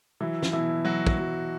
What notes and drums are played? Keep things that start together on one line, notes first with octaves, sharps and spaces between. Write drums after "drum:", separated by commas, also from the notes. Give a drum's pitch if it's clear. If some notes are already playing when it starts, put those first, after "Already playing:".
E3 F#3 E4
drum: snare
B2 E3 E4
F#3 F#4
drum: kick
F#3